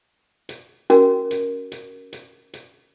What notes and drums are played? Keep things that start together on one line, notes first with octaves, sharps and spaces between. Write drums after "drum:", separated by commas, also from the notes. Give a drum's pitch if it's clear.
drum: hi-hat
C#4 F#4 A#4, drum: hi-hat
drum: hi-hat
drum: hi-hat
drum: hi-hat
drum: hi-hat